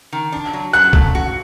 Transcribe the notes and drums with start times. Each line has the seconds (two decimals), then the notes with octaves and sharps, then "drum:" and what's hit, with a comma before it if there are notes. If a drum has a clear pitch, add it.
0.13 D#3
0.32 D4
0.53 F#3
0.73 F#3 F#6
0.93 A3, drum: kick
1.15 F#4